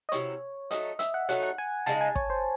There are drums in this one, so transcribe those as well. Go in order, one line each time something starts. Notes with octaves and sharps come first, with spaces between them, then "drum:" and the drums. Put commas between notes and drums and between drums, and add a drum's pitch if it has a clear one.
D#5
C3 F#3 C#4 E4 C#5, drum: hi-hat
F#3 A3 D#4 D#5, drum: hi-hat
E5, drum: hi-hat
F#5
F#3 A3 D#4 F#5, drum: hi-hat
F#5
G#5
C#3 G#3 D#4 A5, drum: hi-hat
G#5
C#5, drum: kick
C5